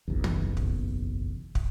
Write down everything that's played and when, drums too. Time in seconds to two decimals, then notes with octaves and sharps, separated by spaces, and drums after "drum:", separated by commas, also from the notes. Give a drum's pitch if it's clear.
0.08 F#1 B1 E2
0.24 drum: tom
0.57 drum: kick
1.55 drum: kick